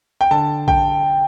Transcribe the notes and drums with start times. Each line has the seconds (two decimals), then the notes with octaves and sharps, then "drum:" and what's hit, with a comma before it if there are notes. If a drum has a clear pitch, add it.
0.21 G5
0.31 D3 A5
0.68 G5, drum: kick A#1